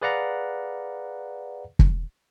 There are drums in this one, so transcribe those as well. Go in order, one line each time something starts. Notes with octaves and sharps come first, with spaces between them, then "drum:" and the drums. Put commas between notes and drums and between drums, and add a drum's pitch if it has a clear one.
G#4 B4 D5 F5 F#5 A#5
drum: kick